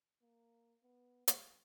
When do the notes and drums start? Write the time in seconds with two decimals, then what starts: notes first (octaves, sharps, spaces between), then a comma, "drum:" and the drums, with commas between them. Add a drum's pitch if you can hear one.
0.22 A#3
0.83 B3
1.28 F#2, drum: hi-hat